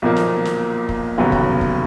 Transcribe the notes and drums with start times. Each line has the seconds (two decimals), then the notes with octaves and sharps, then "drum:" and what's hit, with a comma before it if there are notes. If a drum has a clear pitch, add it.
0.02 B1 A#2 F3 A#3
0.16 drum: snare
0.45 drum: snare
0.89 drum: kick
1.18 F1 D#2 C#3 F#3 B3
1.32 drum: kick
1.61 drum: kick